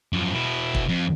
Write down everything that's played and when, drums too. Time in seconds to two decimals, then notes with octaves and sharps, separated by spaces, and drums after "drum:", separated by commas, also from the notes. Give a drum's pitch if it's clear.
0.13 F#2 F3
0.33 B2 E4
0.75 drum: kick
0.88 F2